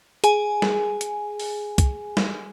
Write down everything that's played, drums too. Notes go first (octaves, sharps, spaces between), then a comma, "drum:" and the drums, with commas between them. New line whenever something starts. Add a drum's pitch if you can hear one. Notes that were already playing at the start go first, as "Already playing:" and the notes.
G#4 G#5, drum: hi-hat
drum: snare
drum: hi-hat
drum: open hi-hat
drum: kick, hi-hat
drum: snare